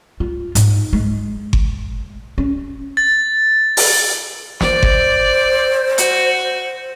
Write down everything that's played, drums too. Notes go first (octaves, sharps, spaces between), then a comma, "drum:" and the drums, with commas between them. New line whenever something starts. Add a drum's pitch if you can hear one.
F4
G#2, drum: hi-hat
G#3
drum: kick G1
C#4
A6
drum: open hi-hat
C5 D5, drum: snare
drum: kick G1
F#4, drum: hi-hat